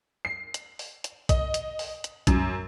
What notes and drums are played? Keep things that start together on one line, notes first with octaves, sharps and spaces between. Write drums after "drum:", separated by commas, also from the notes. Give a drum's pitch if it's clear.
C7
drum: hi-hat
drum: open hi-hat
drum: hi-hat
D#5, drum: kick, hi-hat
drum: hi-hat
drum: open hi-hat
drum: hi-hat
F#2, drum: kick, hi-hat